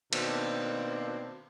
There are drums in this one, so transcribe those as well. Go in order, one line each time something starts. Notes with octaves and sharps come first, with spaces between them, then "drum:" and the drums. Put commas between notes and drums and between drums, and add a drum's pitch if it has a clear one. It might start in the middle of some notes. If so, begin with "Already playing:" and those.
B2 D#3 A#3 C4 D4, drum: cymbal